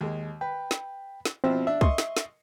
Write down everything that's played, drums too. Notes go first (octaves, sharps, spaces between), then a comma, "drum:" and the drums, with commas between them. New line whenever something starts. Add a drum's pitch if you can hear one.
D#2 G#3
B4 G5
drum: snare
drum: snare
B2 F3 C4 E4
D4 E5
D#5 C6 C#6, drum: kick
drum: snare
drum: snare